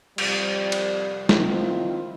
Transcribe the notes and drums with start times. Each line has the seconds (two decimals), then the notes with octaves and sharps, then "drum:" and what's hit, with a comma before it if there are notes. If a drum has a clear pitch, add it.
0.18 F2 C3 G3, drum: cymbal
0.72 drum: cymbal
1.29 D#3 F3 C4 E4 F4, drum: snare